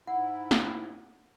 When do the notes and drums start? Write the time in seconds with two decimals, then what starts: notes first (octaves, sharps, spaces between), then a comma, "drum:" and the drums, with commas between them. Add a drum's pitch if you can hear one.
0.07 G#2 E4 F#5
0.51 drum: snare